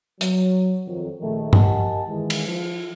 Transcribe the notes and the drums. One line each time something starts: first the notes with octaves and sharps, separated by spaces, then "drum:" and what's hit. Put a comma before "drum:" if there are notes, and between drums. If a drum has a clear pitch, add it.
F#3, drum: hi-hat
F2 D#3 F#3
A#1 D#3 A3
G4 A#4 D#5 F#5 G#5 A5, drum: tom G2
D#3 E3 G#3
drum: cymbal
F3